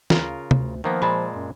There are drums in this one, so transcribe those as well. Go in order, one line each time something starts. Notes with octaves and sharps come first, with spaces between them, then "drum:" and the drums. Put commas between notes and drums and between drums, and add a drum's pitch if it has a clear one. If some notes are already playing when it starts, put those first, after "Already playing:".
D2 C#3 F4 A#4, drum: snare
D2, drum: tom
D#3 F3 A#3 B3
A#2 G#3 A5 B5
F#2